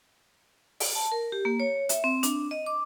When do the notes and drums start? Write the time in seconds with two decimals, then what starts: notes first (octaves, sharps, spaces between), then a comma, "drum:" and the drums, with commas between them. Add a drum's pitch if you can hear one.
0.80 drum: open hi-hat
0.95 A5
1.12 A#4
1.32 G4
1.45 A#3
1.60 C#5
1.89 E5, drum: hi-hat
2.04 C4
2.23 D4, drum: hi-hat
2.51 D#5
2.66 D6